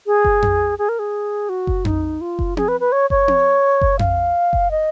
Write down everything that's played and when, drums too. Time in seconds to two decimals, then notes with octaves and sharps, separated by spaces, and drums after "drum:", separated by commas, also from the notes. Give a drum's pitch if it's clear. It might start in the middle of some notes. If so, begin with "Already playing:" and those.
0.06 G#4
0.25 drum: kick F#1
0.42 drum: tom F2
0.79 G#4
0.89 A#4
0.99 G#4
1.49 F#4
1.67 drum: kick F#1
1.85 D#4, drum: tom F2
2.21 F4
2.39 drum: kick F#1
2.57 G#4, drum: tom C4
2.68 B4
2.80 B4
2.92 C#5
3.10 C#5, drum: kick F#1
3.28 drum: tom C4
3.81 drum: kick F#1
3.99 F5, drum: tom F2
4.53 drum: kick F#1
4.71 D#5